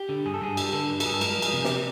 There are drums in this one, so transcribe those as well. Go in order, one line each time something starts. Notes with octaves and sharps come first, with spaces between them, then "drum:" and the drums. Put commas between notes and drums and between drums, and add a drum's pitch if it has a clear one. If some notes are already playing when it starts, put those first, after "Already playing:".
Already playing: G4
D3
G2 G#4
A4
G2 G#4
G3 A4, drum: cymbal
D3 A4
G2
A4, drum: cymbal
G2 G#4
A4
G#3 A#4, drum: cymbal
F3
G#4, drum: cymbal
C3
C3 G4, drum: snare